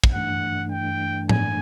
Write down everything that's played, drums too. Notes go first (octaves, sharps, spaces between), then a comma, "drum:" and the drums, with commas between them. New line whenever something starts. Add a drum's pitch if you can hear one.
drum: kick
G2 E3 A3 D4 F#5
G5
G#5, drum: tom A2